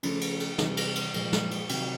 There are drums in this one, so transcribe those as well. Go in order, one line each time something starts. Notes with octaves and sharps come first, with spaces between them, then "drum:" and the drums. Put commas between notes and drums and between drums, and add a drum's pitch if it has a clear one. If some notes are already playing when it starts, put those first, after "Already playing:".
C#3 F3 A3, drum: cymbal
drum: cymbal
drum: cymbal
C3 E3 G3, drum: snare
drum: cymbal
drum: cymbal
A#2 F3 G#3, drum: cymbal
drum: snare
drum: cymbal
C3 D#3 F#3, drum: cymbal